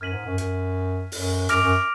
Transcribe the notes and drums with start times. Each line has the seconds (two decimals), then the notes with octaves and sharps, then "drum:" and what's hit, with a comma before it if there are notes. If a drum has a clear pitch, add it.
0.01 F#2 F6 G#6 B6 D#7 F#7
0.13 G#2
0.25 F#2
0.38 F#2, drum: hi-hat
1.12 F#2, drum: open hi-hat
1.49 F#2 D6 F6 A#6 D7 F7, drum: hi-hat
1.61 F#2